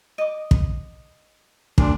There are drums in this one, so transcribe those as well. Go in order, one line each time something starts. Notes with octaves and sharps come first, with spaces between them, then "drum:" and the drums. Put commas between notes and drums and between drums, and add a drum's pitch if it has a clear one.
D#5 D6
drum: kick
D2 D4, drum: kick